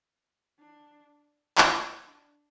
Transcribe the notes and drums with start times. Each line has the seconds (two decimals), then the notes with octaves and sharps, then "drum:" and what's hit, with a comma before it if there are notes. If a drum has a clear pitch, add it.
0.59 D4
1.58 drum: clap
2.07 D4